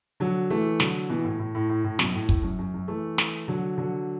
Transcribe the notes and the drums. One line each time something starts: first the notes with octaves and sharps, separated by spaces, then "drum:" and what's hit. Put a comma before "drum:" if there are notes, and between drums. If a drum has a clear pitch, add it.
D3 F#3
E3 A3
D3 F#3, drum: snare
B2 E3
A2
A2
A2
A2
A2
F#2 B2, drum: snare
A2
A2, drum: kick
F#2
F#2
F#2
E3 A3
drum: snare
D3 F#3
D3 F#3